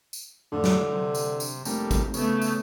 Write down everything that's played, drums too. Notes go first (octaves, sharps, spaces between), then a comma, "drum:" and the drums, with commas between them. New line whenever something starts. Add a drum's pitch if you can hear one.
drum: tambourine
F2 A2 D3
drum: snare
C3
drum: tambourine
drum: tambourine
F1 G3 A3 A#3, drum: tambourine
drum: kick, tambourine
C#3 A3 B3, drum: tambourine
drum: tambourine